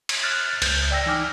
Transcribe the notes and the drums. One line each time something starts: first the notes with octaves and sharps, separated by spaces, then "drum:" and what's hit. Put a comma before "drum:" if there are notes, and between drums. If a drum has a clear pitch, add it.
drum: cymbal
F6 F#6 A6
C#2 G6, drum: cymbal
D5 G5 E6 A#6
E3 D#4 G#5 D6 F6